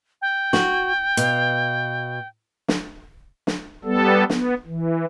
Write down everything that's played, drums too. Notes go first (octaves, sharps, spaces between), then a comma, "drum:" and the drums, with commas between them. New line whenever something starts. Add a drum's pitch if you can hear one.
G5
F#4, drum: snare
B2 F5, drum: hi-hat
drum: snare
drum: snare
G3 B3 A4
B3, drum: snare
E3